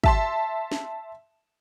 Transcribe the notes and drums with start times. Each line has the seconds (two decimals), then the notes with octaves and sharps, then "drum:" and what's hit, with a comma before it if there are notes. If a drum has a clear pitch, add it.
0.04 E5 A5 C6, drum: kick
0.72 drum: snare